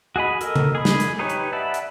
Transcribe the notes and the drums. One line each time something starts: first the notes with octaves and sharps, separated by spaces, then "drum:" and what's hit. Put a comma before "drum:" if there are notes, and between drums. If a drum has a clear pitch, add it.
F#4 G#4 D#5 B5
A4 A#4 D#5, drum: hi-hat
drum: tom C#3
G#4 B5
drum: snare
drum: hi-hat
D#4 G4 B4 C#5
drum: hi-hat
D5 E5 F#5 A5 B5
drum: hi-hat